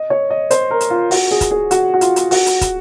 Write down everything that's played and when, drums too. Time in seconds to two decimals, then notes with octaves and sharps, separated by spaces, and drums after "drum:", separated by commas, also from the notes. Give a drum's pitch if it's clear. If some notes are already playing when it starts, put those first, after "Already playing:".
Already playing: D#5
0.10 C#5
0.30 D#5
0.51 C5, drum: hi-hat
0.71 A#4
0.80 drum: hi-hat
0.90 F4
1.11 F#4, drum: open hi-hat
1.31 G#4
1.41 drum: kick, hi-hat
1.51 G#4
1.71 F#4, drum: hi-hat
1.94 F#4
2.01 F4, drum: hi-hat
2.16 drum: hi-hat
2.31 F#4, drum: open hi-hat
2.46 drum: hi-hat
2.61 drum: kick, hi-hat